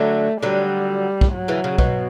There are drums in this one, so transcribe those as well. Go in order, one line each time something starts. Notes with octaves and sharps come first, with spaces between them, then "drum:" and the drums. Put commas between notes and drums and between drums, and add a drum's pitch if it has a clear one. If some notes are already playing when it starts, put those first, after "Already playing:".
Already playing: D3 F#3 A3
D3 F#3 G3
drum: kick
F#3
C#3 E3
C#3
B2, drum: kick